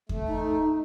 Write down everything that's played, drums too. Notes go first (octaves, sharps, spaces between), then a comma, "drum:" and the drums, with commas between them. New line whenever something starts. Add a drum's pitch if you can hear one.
A3, drum: kick E2
D#4